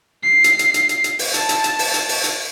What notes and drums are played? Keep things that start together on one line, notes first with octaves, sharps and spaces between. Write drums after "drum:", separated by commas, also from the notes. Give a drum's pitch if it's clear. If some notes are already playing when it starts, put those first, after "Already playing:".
C7
drum: hi-hat
drum: hi-hat
drum: hi-hat
drum: hi-hat
drum: hi-hat
drum: open hi-hat
A5, drum: hi-hat
drum: hi-hat
drum: hi-hat
drum: open hi-hat
drum: hi-hat
drum: open hi-hat
drum: hi-hat